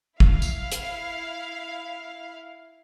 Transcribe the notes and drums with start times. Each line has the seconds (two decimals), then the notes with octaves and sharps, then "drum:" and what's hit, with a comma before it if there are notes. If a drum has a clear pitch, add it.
0.20 E4 F5, drum: kick
0.42 drum: tambourine
0.72 drum: hi-hat